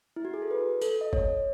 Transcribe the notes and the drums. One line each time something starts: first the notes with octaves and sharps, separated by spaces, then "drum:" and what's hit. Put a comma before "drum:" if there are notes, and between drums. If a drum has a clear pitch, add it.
E4
F#4
G#4
A4
B4
A4, drum: tambourine
D#5
C#5, drum: kick G1